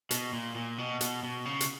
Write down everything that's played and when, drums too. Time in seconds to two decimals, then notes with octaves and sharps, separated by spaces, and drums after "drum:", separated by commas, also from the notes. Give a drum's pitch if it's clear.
0.11 B2, drum: hi-hat
0.33 A#2
0.55 A#2
0.78 B2
1.01 B2, drum: hi-hat
1.23 B2
1.45 C#3
1.60 drum: hi-hat